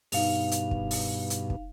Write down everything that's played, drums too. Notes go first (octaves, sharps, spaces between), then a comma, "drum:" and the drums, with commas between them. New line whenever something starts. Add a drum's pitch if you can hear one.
G2 B2 D#4 F5 F7, drum: open hi-hat
drum: hi-hat
drum: kick
drum: open hi-hat
drum: hi-hat
drum: kick